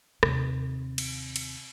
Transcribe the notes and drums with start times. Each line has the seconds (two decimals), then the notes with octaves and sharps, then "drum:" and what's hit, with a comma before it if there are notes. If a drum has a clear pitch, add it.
0.23 D#2 C3, drum: rim click
0.98 drum: cymbal
1.36 drum: cymbal